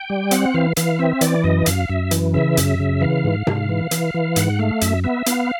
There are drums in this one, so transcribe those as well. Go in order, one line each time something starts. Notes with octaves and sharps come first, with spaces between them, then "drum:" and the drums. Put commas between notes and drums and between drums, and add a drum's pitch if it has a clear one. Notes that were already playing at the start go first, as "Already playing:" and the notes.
Already playing: G5
G3
C4 F#5, drum: hi-hat
E3 F5
E3 F5, drum: hi-hat
C4 E5
E3 D5, drum: hi-hat
F#2 D#5
F#2 F5, drum: hi-hat
F#2 E5
E3, drum: hi-hat
C#3 E5
F#2, drum: hi-hat
C#3
E3 F5
G#2
G#2, drum: tom C3
E3
E3, drum: hi-hat
E3
G#2 F#5, drum: hi-hat
A3 F5
F#2 E5, drum: hi-hat
B3 E5
B3 F5, drum: hi-hat